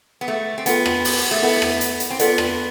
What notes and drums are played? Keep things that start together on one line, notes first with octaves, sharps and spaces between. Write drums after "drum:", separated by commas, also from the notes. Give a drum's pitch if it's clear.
B3
A3
C4
B3 F4 A4 E5 G5, drum: hi-hat
drum: rim click
drum: open hi-hat
A3
B3 E4 A4 E5
drum: rim click
drum: hi-hat
drum: hi-hat
C4
B3 F4 A4 D5, drum: hi-hat
drum: rim click